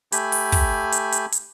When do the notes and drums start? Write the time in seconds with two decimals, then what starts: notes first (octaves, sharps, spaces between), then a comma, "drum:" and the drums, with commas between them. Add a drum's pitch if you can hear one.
0.12 A3 G4 G#5 B5, drum: hi-hat
0.32 drum: open hi-hat
0.52 drum: kick, open hi-hat
0.92 drum: hi-hat
1.12 drum: hi-hat
1.32 drum: hi-hat